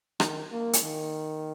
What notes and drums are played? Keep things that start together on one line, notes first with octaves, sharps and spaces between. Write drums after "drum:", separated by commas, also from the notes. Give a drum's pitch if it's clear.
D#3, drum: rim click
A#3
drum: hi-hat
D#3